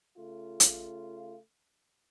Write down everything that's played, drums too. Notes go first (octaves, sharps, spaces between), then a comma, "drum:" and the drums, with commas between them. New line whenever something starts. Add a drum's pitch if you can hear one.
C#3 A3 F4
drum: hi-hat